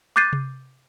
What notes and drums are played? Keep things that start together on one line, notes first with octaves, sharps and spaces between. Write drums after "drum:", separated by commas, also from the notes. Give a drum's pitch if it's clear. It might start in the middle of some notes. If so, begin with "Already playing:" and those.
D6 F#6 G6 A6 C7 D#7
drum: tom C3